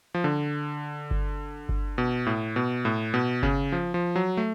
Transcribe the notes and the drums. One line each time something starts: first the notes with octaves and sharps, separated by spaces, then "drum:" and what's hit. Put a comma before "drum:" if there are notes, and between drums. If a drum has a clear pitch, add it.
F3
D3
drum: kick G1
drum: kick G1
B2
A2
B2
A2
B2
C#3, drum: kick G1
F3
F3
F#3
A3